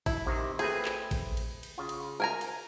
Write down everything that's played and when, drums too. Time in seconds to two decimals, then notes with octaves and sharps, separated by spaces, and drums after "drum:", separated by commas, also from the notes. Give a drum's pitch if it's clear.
0.06 E4, drum: kick A1, cymbal
0.26 C3 D#3
0.59 A3 C4 G#4 B4, drum: cymbal
0.85 drum: clap
1.11 drum: kick A1, cymbal
1.37 drum: cymbal
1.63 drum: cymbal
1.78 C#3 F4
1.89 drum: cymbal
2.20 A#4 G#5 A#5
2.41 drum: cymbal